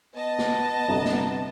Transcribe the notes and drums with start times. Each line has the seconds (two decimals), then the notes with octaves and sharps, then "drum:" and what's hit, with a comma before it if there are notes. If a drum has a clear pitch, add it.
0.16 B3 D#5 A5
0.38 drum: snare
0.88 G1 C3 A#5
1.05 drum: snare